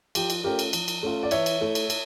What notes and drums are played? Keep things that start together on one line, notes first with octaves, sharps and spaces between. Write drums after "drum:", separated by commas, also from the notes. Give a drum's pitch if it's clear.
F3 G4, drum: cymbal
drum: cymbal
A3 C#4 F4 G4 A#4
drum: cymbal
F3, drum: cymbal
drum: cymbal
A3 C#4 F4
D5
E3 C#5 E5, drum: cymbal
drum: cymbal
A3 E4
drum: cymbal
drum: cymbal